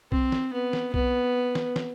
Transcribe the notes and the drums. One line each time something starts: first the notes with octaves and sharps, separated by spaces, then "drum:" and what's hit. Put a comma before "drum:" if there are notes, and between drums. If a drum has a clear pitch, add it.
C4, drum: kick B1
drum: snare
B3
drum: snare
B3, drum: kick B1
drum: snare
drum: snare